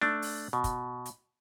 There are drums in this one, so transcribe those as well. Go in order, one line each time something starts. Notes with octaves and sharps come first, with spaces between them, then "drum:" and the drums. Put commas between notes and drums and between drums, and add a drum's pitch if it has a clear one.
A3 D4, drum: snare
drum: open hi-hat
B2
drum: kick, hi-hat
drum: hi-hat